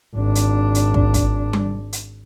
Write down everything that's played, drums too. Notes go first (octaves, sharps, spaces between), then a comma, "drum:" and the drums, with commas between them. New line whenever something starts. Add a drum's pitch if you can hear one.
G#1 D4
drum: hi-hat
drum: hi-hat
drum: kick
drum: kick, hi-hat
drum: tom G3
drum: hi-hat